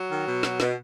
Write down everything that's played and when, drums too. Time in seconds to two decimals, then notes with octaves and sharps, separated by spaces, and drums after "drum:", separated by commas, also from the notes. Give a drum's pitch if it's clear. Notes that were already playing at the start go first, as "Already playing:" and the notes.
Already playing: F#3
0.10 D#3
0.26 B2
0.43 B2, drum: snare
0.60 B2, drum: snare